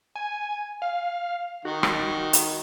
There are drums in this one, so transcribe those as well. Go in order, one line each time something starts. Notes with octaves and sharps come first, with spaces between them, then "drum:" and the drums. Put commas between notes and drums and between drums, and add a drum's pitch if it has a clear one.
G#5
F5
D#3 F#4
drum: rim click
drum: hi-hat